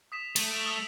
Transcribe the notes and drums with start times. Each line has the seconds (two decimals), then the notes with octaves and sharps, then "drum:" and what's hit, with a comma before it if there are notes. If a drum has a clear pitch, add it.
0.12 D#6 B6 E7
0.36 A3, drum: cymbal
0.51 D7 E7 F7
0.66 D#6 E6 F7